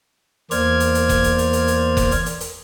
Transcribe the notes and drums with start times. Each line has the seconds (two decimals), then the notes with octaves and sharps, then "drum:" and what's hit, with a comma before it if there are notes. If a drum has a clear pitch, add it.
0.51 E2 A#3 C5 D5 F6 G#6, drum: hi-hat
0.80 drum: hi-hat
0.95 drum: hi-hat
1.09 drum: kick F1, hi-hat
1.24 drum: hi-hat
1.38 drum: hi-hat
1.53 drum: hi-hat
1.68 drum: hi-hat
1.97 drum: kick F1, hi-hat
2.11 drum: hi-hat
2.26 drum: hi-hat
2.41 drum: hi-hat